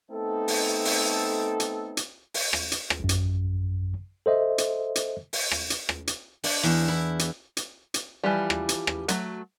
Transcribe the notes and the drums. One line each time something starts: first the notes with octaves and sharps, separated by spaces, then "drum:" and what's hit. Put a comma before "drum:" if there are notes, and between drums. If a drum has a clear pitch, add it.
A3 B3 C4 D#4 A4
drum: open hi-hat
drum: open hi-hat
drum: hi-hat
drum: hi-hat
drum: open hi-hat
drum: rim click
drum: hi-hat
drum: rim click
A1 F#2
drum: hi-hat
A4 C5 D#5 E5
drum: hi-hat
drum: hi-hat
drum: open hi-hat
drum: rim click
drum: hi-hat
drum: rim click
drum: hi-hat
D4, drum: open hi-hat
E2
E4
drum: hi-hat
drum: hi-hat
drum: hi-hat
E3 F3 G3
drum: rim click
drum: hi-hat
drum: rim click
F#3 A3, drum: hi-hat